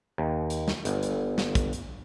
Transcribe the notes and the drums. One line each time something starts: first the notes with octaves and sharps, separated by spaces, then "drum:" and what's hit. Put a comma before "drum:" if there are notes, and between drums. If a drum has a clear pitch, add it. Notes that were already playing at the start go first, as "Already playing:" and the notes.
D#2
drum: hi-hat
drum: snare
G1, drum: hi-hat
drum: hi-hat
drum: snare
drum: kick, hi-hat
drum: hi-hat